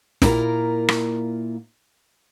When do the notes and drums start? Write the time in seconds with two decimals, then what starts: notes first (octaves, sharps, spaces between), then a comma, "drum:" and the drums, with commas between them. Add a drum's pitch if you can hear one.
0.22 A#2 A#3 E4 F4 A#4, drum: snare
0.88 drum: rim click